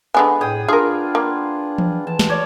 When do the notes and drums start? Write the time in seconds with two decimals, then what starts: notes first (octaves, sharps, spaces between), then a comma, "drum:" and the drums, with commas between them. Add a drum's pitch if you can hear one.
0.14 D3 G#3 B3 G#5
0.41 A2 G#4 G5 D#6
0.68 D4 F4 G#4 A#4
1.15 A#3
1.78 drum: tom E3
2.07 E3 A5
2.19 drum: snare
2.30 C#5 D5